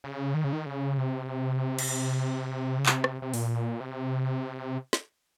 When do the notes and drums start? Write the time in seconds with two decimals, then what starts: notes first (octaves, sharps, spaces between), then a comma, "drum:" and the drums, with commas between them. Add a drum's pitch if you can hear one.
0.04 C#3
0.34 D#3
0.44 C#3
0.53 D#3
0.66 C#3
0.97 C3
1.79 drum: cymbal
2.79 C#3
2.86 C3, drum: clap
3.04 drum: rim click
3.22 C3
3.34 A#2, drum: open hi-hat
3.80 C3
4.93 drum: snare